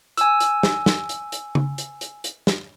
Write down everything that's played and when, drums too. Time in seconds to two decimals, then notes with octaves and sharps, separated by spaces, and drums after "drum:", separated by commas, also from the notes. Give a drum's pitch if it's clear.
0.17 G#5 E6, drum: hi-hat
0.40 drum: hi-hat
0.63 drum: snare
0.86 drum: snare
1.09 drum: hi-hat
1.32 drum: hi-hat
1.55 drum: tom C#3
1.78 drum: hi-hat
2.01 drum: hi-hat
2.24 drum: hi-hat
2.47 drum: snare